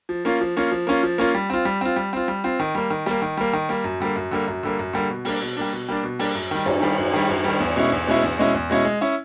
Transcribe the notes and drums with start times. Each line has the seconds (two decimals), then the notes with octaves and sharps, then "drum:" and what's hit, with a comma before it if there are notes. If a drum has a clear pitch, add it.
0.09 F3
0.25 A#3 C#4 F4
0.41 F3
0.57 A#3 C#4 F4
0.72 F3
0.87 A#3 C#4 F4
1.03 F3
1.18 A#3 C#4 F4
1.34 G3
1.50 C4 F4
1.65 G3
1.81 C4 F4
1.96 G3
2.13 C4 F4
2.28 G3
2.44 C4 F4
2.60 D#3
2.75 G3 A#3
2.90 D#3
3.06 G3 A#3, drum: snare
3.22 D#3
3.37 G3 A#3
3.53 D#3
3.69 G3 A#3
3.84 F#2
4.00 D3 G3 A#3
4.16 F#2
4.31 D3 G3 A#3
4.47 F#2
4.63 D3 G3 A#3
4.79 F#2
4.93 D3 G3 A#3
5.10 B2
5.25 G3 A#3 D4, drum: open hi-hat
5.42 B2
5.57 G3 A#3 D4
5.73 B2
5.89 G3 A#3 D4
6.03 B2
6.19 G3 A#3 D4, drum: open hi-hat
6.35 F#2
6.51 D#3 G3
6.66 F#2, drum: cymbal
6.82 D#3 G3
6.98 F#2
7.14 D#3 G3
7.29 F#2
7.44 D#3 G3
7.60 E2
7.76 B2 G#3 C#4 E4
7.92 E2
8.07 B2 G#3 C#4 E4
8.23 E2
8.38 B2 G#3 C#4 E4
8.54 E2
8.70 B2 G#3 C#4 E4
8.85 G#3
9.01 C#4 E4